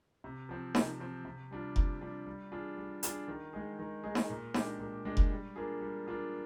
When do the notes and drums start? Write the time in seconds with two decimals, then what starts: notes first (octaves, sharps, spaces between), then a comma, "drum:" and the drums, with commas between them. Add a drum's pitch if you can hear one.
0.24 C3
0.49 F3 C4
0.75 C3, drum: snare D#4
1.00 F3 C4
1.25 C3
1.51 G3 D4 F4
1.76 C3, drum: kick F1
2.01 G3 D4 F4
2.26 G3
2.52 D4 F4 G#4
2.77 G3
3.03 D4 F4 G#4, drum: hi-hat
3.28 D#3
3.53 G#3 D#4 G#4
3.79 D#3
4.04 G#3 D#4 G#4
4.15 drum: snare D#4
4.29 A#2
4.54 G#3 D4 G4, drum: snare D#4
4.79 A#2
5.05 G#3 D4 G4
5.17 drum: kick F1
5.30 G3
5.56 A#3 D4 F4 G#4
5.81 G3
6.06 A#3 D4 F4 G#4